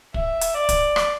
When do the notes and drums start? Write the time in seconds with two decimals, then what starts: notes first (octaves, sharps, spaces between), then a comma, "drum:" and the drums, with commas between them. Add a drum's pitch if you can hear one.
0.14 E5, drum: kick
0.41 drum: hi-hat
0.54 D5
0.69 drum: kick, hi-hat
0.96 drum: rim click